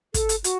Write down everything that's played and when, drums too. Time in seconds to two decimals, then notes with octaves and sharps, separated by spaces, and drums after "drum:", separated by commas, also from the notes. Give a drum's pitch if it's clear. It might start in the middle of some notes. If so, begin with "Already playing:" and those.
0.14 A4, drum: kick, hi-hat
0.29 drum: hi-hat
0.44 F#4, drum: hi-hat